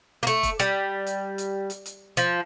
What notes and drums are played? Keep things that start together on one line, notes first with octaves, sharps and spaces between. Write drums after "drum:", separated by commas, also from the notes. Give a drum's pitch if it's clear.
A#3
A3, drum: hi-hat
drum: kick E1, hi-hat
G3, drum: hi-hat
drum: hi-hat
drum: hi-hat
drum: hi-hat
drum: hi-hat
F3, drum: hi-hat